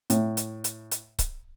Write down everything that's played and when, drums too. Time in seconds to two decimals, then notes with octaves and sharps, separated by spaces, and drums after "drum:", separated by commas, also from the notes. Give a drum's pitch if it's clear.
0.10 A2, drum: hi-hat
0.37 drum: hi-hat
0.64 drum: hi-hat
0.91 drum: hi-hat
1.19 drum: kick C#1, hi-hat